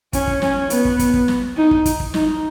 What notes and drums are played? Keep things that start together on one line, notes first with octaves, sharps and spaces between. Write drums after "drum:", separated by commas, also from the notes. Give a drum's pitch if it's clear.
C#4, drum: kick, hi-hat
drum: kick
C#4, drum: snare
B3, drum: hi-hat
drum: kick
drum: kick, hi-hat
drum: kick
drum: snare
D#4
drum: kick
drum: kick, hi-hat
drum: kick
D#4, drum: snare